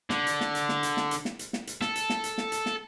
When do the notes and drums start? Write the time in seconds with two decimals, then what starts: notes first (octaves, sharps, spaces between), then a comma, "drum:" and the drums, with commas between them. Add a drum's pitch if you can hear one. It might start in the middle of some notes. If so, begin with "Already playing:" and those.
0.10 D3, drum: snare
0.27 drum: hi-hat
0.41 drum: snare
0.55 drum: hi-hat
0.69 drum: snare
0.83 drum: hi-hat
0.97 drum: snare
1.11 drum: hi-hat
1.25 drum: snare
1.39 drum: hi-hat
1.53 drum: snare
1.67 drum: hi-hat
1.81 A4, drum: snare
1.96 drum: hi-hat
2.10 drum: snare
2.24 drum: hi-hat
2.38 drum: snare
2.52 drum: hi-hat
2.66 drum: snare